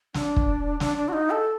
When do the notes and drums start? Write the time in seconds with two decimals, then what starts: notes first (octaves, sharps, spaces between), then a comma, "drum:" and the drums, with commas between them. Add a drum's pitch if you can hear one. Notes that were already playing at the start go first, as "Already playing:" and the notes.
0.14 D4, drum: snare
0.36 drum: kick
0.80 D4, drum: snare
0.97 D4
1.08 F#4
1.13 D#4
1.30 A4